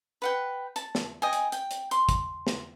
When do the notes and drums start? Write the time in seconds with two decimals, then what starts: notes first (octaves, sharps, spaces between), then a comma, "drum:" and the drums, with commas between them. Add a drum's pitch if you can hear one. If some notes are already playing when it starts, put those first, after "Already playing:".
0.22 B4 F#5 G5
0.76 A5, drum: hi-hat
0.95 drum: snare
1.22 D#5 G5 G#5
1.33 drum: hi-hat
1.52 G5, drum: hi-hat
1.71 drum: hi-hat
1.91 C6, drum: hi-hat
2.09 drum: kick, hi-hat
2.47 drum: snare